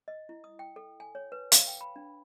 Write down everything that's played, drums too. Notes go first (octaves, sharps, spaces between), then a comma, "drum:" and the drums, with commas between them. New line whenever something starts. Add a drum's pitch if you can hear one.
D#5
E4
D#6
G5
A4
G#5
C#5
B4
F5, drum: hi-hat
G5
B5
D4